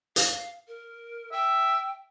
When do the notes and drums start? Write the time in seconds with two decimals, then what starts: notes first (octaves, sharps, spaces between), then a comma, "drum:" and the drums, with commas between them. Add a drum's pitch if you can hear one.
0.16 F5, drum: hi-hat
0.68 A#4
1.32 E5 G5